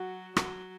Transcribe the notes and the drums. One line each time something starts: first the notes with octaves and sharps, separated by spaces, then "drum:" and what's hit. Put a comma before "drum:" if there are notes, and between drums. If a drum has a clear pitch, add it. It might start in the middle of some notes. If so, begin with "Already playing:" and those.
Already playing: F#3 F#4
F#3, drum: rim click